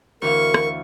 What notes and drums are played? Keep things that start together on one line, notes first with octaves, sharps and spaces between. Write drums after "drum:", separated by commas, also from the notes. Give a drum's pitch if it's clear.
D2 E3 A#4 F5 C#6
drum: rim click